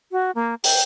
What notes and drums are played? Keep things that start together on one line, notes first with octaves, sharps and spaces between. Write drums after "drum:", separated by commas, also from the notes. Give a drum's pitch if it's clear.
F#4
A#3
G5, drum: open hi-hat